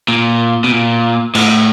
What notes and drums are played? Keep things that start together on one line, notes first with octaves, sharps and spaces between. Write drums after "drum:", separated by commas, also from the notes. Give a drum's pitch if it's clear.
A#2
B2
A#2
A2, drum: cymbal